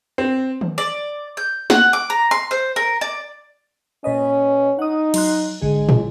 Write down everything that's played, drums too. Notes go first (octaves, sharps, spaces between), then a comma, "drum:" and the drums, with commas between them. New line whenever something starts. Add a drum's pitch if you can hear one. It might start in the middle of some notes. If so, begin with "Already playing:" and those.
C4
drum: tom D#3
D5
G6
F#5, drum: snare
D6
A#5
C6
C5
A#4
D5
A#2 C#4 B4 D#5
D#4 F#5 D#6
F#3 C6 F#6, drum: cymbal
G#1 D3 G#3 G#4
drum: tom